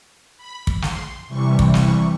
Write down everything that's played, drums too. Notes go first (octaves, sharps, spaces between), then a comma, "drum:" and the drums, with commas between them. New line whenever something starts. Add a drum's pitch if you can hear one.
B5
drum: kick
C6, drum: snare
C3 E3 G3 C#6
drum: kick
C#6, drum: snare